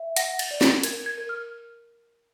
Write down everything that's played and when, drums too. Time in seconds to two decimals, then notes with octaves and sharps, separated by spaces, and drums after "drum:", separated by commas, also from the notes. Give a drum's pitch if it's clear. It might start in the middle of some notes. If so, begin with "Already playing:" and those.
Already playing: E5
0.16 F#5 A#6, drum: hi-hat
0.39 A6, drum: cymbal
0.51 D5
0.61 A6, drum: snare
0.83 A#4 G#6, drum: hi-hat
1.06 G#6
1.17 A#4
1.29 F6